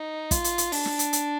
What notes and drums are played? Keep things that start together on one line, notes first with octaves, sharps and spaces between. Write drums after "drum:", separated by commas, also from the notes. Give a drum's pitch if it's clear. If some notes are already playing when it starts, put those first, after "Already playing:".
Already playing: D#4
F4, drum: kick, hi-hat
drum: hi-hat
drum: hi-hat
D4, drum: open hi-hat
drum: snare
drum: hi-hat
drum: hi-hat